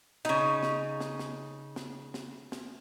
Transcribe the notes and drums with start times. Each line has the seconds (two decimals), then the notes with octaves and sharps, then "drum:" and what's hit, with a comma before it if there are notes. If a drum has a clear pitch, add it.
0.25 C#3 D#4, drum: snare
0.63 drum: snare
1.01 drum: snare
1.19 drum: snare
1.76 drum: snare
2.14 drum: snare
2.52 drum: snare